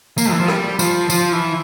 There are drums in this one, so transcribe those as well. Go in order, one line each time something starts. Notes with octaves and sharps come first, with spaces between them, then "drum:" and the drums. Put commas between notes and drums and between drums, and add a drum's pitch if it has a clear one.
A#3, drum: tambourine
E3
F3
G3, drum: rim click
F3, drum: tambourine
F3, drum: tambourine
E3